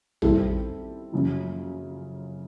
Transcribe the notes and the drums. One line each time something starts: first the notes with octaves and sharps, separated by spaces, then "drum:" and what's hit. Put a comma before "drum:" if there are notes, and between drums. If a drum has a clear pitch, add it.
D#3 G3 C4 E4 A4, drum: tom A#1
F#2 C#3 F3